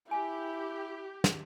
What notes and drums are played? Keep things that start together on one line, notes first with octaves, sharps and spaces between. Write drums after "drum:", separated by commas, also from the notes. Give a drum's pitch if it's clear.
E4 G4 G#5
drum: snare